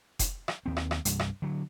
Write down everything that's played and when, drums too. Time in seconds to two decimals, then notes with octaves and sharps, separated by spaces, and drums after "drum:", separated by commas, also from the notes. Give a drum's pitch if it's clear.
0.19 drum: kick F1, hi-hat
0.48 drum: rim click
0.66 D#2 C4
0.77 drum: rim click
0.91 drum: rim click
1.05 C2 G2, drum: hi-hat
1.19 drum: rim click
1.42 D3 F#3